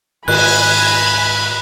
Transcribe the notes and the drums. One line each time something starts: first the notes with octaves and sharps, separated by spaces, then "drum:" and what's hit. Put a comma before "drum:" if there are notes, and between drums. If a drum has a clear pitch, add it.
G#2 D#3 G#5 B5 F#6, drum: cymbal